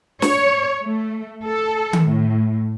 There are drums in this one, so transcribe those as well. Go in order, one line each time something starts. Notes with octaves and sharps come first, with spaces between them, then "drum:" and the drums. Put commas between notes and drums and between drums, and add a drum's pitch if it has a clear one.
C#5, drum: snare
A3
A4
drum: tom D#3
A2